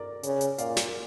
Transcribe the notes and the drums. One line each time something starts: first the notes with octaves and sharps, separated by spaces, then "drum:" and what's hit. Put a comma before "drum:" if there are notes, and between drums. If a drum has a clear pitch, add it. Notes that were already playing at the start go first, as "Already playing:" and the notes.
Already playing: A#4 D5
C#3, drum: hi-hat
drum: hi-hat
A#2 D5 F5, drum: hi-hat
drum: snare